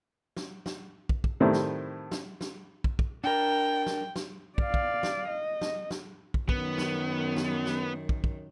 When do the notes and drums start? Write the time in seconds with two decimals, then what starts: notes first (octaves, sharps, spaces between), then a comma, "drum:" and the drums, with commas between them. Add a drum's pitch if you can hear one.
0.37 drum: snare
0.66 drum: snare
1.09 drum: kick
1.24 drum: kick
1.40 A2 C3 D#3 G3 C4 E4
1.53 drum: snare
2.11 drum: snare
2.41 drum: snare
2.84 drum: kick
2.99 drum: kick
3.24 D4 A#4 G5
3.86 drum: snare
4.16 drum: snare
4.58 D5 F5, drum: kick
4.74 drum: kick
5.03 drum: snare
5.28 D#5
5.61 drum: snare
5.91 drum: snare
6.34 drum: kick
6.49 F#2 D#3 B3, drum: kick
6.78 drum: snare
7.36 drum: snare
7.65 drum: snare
8.09 drum: kick
8.24 drum: kick